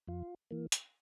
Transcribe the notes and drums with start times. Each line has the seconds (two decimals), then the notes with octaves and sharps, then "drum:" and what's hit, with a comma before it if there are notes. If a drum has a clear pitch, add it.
0.08 F2 F4
0.51 E3 A#3
0.72 drum: hi-hat